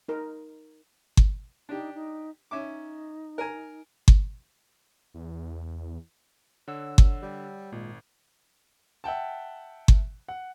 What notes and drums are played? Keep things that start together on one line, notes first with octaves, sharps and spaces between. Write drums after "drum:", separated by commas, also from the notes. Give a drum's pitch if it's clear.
D#4 A#4
drum: kick G1
D4 D#4 G4
D#4
C#4 D#4 E5 D6
A#4 G#5
drum: kick G1
E2
D3 C#5 F#5 E6
drum: kick G1
G3
G#1 A#2 G#3
E5 F#5 G5 A5
drum: kick G1
F#5